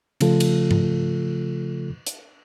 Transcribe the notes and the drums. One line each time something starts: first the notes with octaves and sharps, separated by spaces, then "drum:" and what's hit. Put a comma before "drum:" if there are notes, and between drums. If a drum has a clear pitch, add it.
C#3 F3 A3 F4 A4, drum: cymbal
drum: cymbal
drum: tom G#2
drum: hi-hat